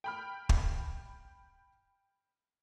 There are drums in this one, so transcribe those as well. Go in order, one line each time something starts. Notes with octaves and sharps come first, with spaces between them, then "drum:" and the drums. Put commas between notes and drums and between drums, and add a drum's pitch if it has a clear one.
G5 B5 F6
drum: kick